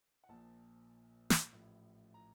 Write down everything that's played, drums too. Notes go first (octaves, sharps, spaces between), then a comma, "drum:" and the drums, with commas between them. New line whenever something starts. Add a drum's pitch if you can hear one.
F#5
A#1 A#2 F3 A5
drum: snare
A1 A2 F3
A#5